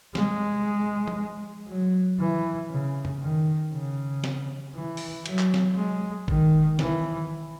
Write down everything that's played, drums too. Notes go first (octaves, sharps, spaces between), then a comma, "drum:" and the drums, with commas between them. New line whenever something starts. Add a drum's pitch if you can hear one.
G#3, drum: snare
drum: tom F3
F#3
E3
C#3
drum: tom F2
D#3
C#3
drum: snare
E3
drum: open hi-hat
F#3, drum: cymbal
drum: clap
drum: snare
G#3
D#3, drum: kick
E3, drum: snare